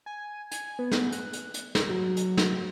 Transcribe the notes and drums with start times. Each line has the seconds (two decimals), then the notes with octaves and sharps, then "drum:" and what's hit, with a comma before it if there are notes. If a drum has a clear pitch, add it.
0.06 G#5
0.51 G#5, drum: hi-hat
0.79 B3
0.91 drum: snare
1.12 F#6, drum: hi-hat
1.33 drum: hi-hat
1.54 drum: hi-hat
1.75 drum: snare
1.89 F#3
2.17 drum: hi-hat
2.37 drum: snare